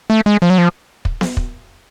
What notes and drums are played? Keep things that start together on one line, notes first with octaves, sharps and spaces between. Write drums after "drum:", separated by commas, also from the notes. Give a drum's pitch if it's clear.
A3
G#3
F3
F#3
F3
drum: kick
drum: snare B3
drum: kick